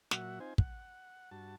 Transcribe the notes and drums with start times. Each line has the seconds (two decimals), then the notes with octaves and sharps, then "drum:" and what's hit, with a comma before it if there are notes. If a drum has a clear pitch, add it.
0.11 A#2 F#3 F#4 E5 F#5, drum: snare
0.40 C4 D#4 F4 C5 G#5
0.58 F#5, drum: kick
1.31 G2 F#4 A5